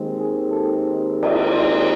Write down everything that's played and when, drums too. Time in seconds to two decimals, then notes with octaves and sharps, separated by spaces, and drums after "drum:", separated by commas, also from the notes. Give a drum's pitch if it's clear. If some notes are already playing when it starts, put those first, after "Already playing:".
Already playing: D#2 D#3 G#3 C4
0.17 G#4
0.51 A4
1.23 drum: cymbal
1.49 C5